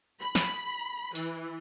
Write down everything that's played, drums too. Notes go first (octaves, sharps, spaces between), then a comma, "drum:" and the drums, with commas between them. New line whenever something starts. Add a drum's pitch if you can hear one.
B5
drum: snare
E3, drum: open hi-hat